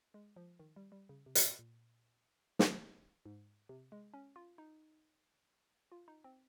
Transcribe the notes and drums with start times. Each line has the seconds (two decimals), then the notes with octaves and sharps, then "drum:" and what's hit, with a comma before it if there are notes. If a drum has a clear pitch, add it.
0.14 G#3
0.36 F3
0.59 D#3
0.76 G3
0.92 G3
1.09 C#3
1.26 C3
1.35 drum: hi-hat
1.59 A#2
2.59 drum: snare
3.26 G#2
3.69 C3
3.92 G#3
4.14 C#4
4.36 F4
4.58 D#4
5.92 F4
6.08 D#4
6.24 C4